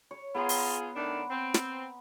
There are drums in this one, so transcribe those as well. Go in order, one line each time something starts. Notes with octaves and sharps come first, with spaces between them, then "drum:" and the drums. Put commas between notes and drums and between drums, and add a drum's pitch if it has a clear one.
C#5
B3 F4 G#4 A#5 C6
drum: open hi-hat
D#3 A3 D4
C4
drum: snare